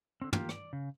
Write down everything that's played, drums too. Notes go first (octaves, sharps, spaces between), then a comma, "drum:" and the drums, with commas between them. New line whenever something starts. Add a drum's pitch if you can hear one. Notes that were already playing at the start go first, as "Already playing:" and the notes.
D3 C4
A#3 F4 G4, drum: tom
D5, drum: rim click
C#3